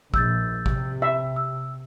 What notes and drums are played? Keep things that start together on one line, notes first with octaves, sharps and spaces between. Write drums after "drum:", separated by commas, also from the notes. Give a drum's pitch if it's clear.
A#1 E6 G6 A6, drum: kick
C3, drum: kick
E5
E6